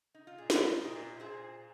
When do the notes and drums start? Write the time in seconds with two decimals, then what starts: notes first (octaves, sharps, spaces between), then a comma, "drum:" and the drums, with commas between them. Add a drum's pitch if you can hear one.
0.14 D#4
0.27 F4
0.38 A#2 G#4
0.50 G#2 F4 A#4, drum: snare
0.80 C5
0.84 A#2 A#4 D#5
1.15 C3
1.20 A#2 G#4 C5
1.56 A#2